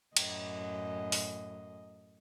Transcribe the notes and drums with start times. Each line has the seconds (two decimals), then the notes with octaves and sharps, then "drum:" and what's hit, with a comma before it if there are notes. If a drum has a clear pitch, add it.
0.17 F#2 A2 D#5, drum: cymbal
1.12 drum: open hi-hat